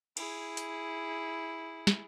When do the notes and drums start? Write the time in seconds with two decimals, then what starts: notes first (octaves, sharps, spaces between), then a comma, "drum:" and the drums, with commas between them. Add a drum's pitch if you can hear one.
0.17 E4 G#4, drum: cymbal
0.57 drum: hi-hat
1.87 drum: snare